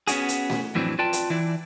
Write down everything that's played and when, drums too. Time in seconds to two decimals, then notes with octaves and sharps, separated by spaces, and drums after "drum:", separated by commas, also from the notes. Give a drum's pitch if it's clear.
0.07 B3 C#4 D4 F#4 G#4, drum: hi-hat
0.29 drum: hi-hat
0.50 drum: snare A3
0.75 F2 A2 E3 F#3 C4 D4
0.99 F4 B4 D5 G5 A5
1.13 drum: hi-hat
1.30 E3 E4 D5